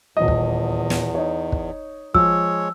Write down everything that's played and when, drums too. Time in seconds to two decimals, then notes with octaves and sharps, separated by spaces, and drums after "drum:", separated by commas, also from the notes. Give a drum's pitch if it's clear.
0.17 D#1 E2 D#5
0.28 drum: kick
0.90 drum: snare
1.15 D#4 C#5
1.52 drum: kick
2.15 F3 G#3 C#5 E6, drum: kick